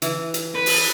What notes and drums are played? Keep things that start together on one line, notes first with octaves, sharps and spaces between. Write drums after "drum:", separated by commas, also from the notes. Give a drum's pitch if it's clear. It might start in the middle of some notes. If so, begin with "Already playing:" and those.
E3, drum: hi-hat
drum: hi-hat
B4
drum: open hi-hat